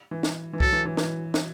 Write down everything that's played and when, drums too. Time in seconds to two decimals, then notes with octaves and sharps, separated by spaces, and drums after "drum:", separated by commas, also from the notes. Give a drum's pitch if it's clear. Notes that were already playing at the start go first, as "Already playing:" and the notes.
0.11 E3
0.23 drum: snare
0.53 E3
0.60 F#3 A4, drum: kick C2
0.73 E3
0.85 E3
0.97 E3, drum: snare
1.34 drum: snare